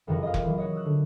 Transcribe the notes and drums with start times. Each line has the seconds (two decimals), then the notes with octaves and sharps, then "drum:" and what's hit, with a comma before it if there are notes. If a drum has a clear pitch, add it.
0.07 F#1 F2 E3 F3 F#4 A#4
0.23 D#5 F5
0.34 drum: kick F1
0.45 E3 F#3
0.58 F#4 C#5 D#5
0.73 D#6 E6 F#6
0.85 D3